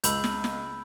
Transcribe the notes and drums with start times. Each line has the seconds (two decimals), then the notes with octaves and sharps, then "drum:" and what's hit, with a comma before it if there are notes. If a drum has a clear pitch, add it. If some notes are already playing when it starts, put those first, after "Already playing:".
0.04 C#2 B5 E6 G6, drum: hi-hat
0.24 drum: snare
0.44 drum: snare